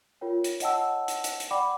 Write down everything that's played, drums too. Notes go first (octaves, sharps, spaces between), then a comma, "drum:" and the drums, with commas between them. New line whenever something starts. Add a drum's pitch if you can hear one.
F4 A#4 C#5 G5
drum: hi-hat
C#5 D#5 F#5 G5 A5 E6, drum: hi-hat
drum: hi-hat
drum: hi-hat
drum: hi-hat
D5 F#5 G5 B5 D6